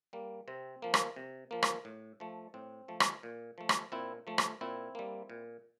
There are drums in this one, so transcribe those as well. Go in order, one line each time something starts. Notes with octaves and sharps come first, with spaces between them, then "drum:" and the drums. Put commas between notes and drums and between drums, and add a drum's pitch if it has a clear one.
G3 A#3
C3 C4
F3 A#3
drum: rim click
C3
F3 A#3
drum: rim click
A2
F3 A3
A2 C4
F3 A3
drum: rim click
A#2
F3 A3
drum: rim click
A#2 C4 E4
F3 A3
drum: rim click
A#2 C4 E4
G3 A#3
A#2